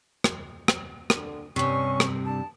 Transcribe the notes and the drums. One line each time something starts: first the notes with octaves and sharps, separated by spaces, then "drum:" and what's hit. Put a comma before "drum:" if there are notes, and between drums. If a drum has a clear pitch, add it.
drum: rim click
drum: rim click
D3, drum: rim click
G2 C3 C#4 C#6
drum: rim click
D4 A5